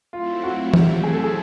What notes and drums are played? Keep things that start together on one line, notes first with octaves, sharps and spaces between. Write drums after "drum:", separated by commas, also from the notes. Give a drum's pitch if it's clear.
F#3 A3 C4 E4 F4
F#4
G4, drum: tom
G#4
A4
G#4